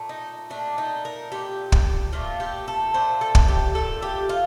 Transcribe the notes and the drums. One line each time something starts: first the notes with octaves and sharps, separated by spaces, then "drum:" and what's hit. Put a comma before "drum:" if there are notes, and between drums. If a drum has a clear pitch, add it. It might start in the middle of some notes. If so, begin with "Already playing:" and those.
Already playing: A#2 A3
D#4
A#2 A3 D4
D#4
A#4
A#2 A3 G4
drum: kick
A#2 A3 F4
G4
A4
A#2 A3 C5
A4
drum: kick
G4
A#2 A3 A4
G4
F4